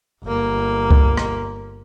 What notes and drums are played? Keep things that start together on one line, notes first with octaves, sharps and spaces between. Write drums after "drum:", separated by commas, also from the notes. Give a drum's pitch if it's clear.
G1 A#3
drum: kick C#2
drum: rim click